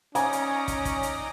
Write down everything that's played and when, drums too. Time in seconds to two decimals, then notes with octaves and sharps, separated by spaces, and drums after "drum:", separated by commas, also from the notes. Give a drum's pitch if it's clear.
0.15 C#4 D#4 D5 G#5 A#5, drum: hi-hat
0.33 drum: hi-hat
0.68 drum: kick, hi-hat
0.85 drum: kick, hi-hat
1.03 drum: hi-hat